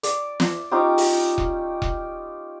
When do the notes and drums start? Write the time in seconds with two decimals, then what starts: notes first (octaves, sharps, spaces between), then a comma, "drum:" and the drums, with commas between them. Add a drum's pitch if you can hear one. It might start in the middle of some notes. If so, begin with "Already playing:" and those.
0.03 D5, drum: hi-hat
0.40 drum: snare
0.71 C#4 D#4 F4 G4
0.98 drum: open hi-hat
1.38 drum: kick E1
1.82 drum: kick E1